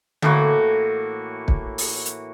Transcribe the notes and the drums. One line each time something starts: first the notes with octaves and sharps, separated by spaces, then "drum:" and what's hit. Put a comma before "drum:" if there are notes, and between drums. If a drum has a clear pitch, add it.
A2 E3 A#3 F#4, drum: tom D3
drum: kick
drum: open hi-hat
drum: hi-hat